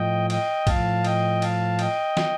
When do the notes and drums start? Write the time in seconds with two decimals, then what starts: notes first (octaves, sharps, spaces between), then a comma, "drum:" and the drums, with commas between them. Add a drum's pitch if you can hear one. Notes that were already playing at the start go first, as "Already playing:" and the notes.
Already playing: A2 F3 D#5 G5
0.30 D#5 G5, drum: cymbal
0.67 A2 F3 F5 A5, drum: kick B1, cymbal
1.05 D#5 G5, drum: cymbal
1.42 F5 A5, drum: cymbal
1.79 D#5 G5, drum: cymbal
2.17 drum: snare